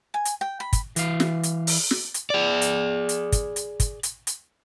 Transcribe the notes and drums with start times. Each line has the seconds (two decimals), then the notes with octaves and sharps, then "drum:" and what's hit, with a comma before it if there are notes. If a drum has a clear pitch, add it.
0.14 G#5
0.25 drum: hi-hat
0.41 G5
0.60 B5
0.73 drum: kick, hi-hat
0.96 E3 F5, drum: hi-hat
1.20 drum: snare
1.43 drum: hi-hat
1.67 drum: open hi-hat
1.91 drum: snare
2.14 drum: hi-hat
2.30 G#4 D5
2.62 drum: hi-hat
3.09 drum: hi-hat
3.32 drum: kick, hi-hat
3.56 drum: hi-hat
3.80 drum: kick, hi-hat
4.03 drum: hi-hat
4.27 drum: hi-hat